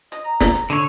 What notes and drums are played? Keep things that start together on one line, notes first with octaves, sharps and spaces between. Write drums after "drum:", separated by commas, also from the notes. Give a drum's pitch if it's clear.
D#5, drum: hi-hat
A#5
drum: snare
drum: hi-hat
D3 C#5 E6, drum: hi-hat